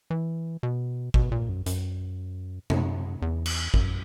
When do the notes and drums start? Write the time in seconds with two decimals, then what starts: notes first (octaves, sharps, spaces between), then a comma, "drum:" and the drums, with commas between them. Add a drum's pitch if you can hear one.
0.10 E3
0.63 B2
1.14 B2, drum: kick G#1
1.32 A#2
1.49 F#2
1.66 F#2, drum: hi-hat
2.70 F#2, drum: tom C3
3.22 E2
3.46 drum: cymbal
3.74 F#2, drum: kick G#1